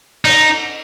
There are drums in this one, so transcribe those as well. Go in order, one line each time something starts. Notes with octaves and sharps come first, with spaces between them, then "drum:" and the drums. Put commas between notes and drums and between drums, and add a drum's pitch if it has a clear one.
D#4, drum: cymbal